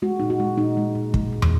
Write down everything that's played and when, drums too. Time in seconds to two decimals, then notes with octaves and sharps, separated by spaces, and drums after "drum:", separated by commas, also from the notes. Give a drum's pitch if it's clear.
0.02 G#3 F#4
0.20 A#2 D#4
0.30 F#4
0.40 G#3
0.58 A#2 D#4
0.77 G#3
0.95 A#2
1.14 G#3, drum: kick
1.33 A#2
1.42 drum: tom